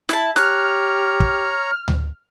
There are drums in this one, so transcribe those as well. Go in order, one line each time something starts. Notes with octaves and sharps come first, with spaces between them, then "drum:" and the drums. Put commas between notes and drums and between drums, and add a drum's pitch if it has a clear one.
E4 A5, drum: snare
G4 C#5 A#5 F6 F#6, drum: snare
drum: kick
drum: tom D2